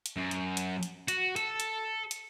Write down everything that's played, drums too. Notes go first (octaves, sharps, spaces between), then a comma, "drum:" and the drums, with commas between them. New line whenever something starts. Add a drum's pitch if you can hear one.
drum: hi-hat
F#2
drum: hi-hat
drum: hi-hat
drum: hi-hat
F#4, drum: hi-hat
A4, drum: hi-hat
drum: hi-hat
drum: hi-hat